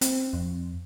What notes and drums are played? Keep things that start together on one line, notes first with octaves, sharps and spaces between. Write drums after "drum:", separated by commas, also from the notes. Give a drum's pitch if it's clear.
C4, drum: hi-hat
F2